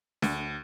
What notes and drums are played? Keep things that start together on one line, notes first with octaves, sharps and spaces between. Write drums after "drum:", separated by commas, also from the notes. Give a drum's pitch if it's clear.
D2, drum: snare